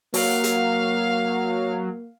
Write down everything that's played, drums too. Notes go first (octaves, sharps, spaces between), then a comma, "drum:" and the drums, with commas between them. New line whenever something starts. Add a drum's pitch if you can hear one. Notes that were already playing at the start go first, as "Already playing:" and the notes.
F#3 A#3 F5, drum: open hi-hat
drum: hi-hat